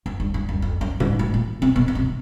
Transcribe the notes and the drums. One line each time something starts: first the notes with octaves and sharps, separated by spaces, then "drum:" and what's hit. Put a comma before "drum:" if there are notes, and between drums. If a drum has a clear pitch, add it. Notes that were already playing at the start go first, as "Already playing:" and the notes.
F#2
G2
G2
F#2
F2
F#2
G#2, drum: tom
A2
A#2
C3
B2
B2
C3